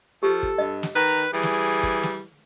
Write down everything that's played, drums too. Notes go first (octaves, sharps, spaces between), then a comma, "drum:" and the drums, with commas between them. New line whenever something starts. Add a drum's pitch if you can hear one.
F3 G4 A4
drum: kick
G2 D#5
drum: snare
D#3 B4 A#5
E3 G3 G#4
drum: snare
drum: kick
drum: snare